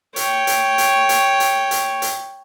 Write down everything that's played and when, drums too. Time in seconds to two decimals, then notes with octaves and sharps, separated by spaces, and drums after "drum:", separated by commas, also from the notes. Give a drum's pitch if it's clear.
0.16 C#5 G5, drum: hi-hat
0.47 drum: hi-hat
0.78 drum: hi-hat
1.09 drum: hi-hat
1.40 drum: hi-hat
1.71 drum: hi-hat
2.02 drum: hi-hat